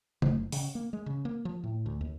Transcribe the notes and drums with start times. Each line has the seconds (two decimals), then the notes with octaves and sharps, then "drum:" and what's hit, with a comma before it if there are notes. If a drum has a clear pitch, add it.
0.22 F#1, drum: tom C#3
0.52 C#3, drum: open hi-hat
0.75 A#3
0.93 G#3
1.06 C#3
1.25 A#3
1.45 F3
1.64 A2
1.86 D2
2.01 D#2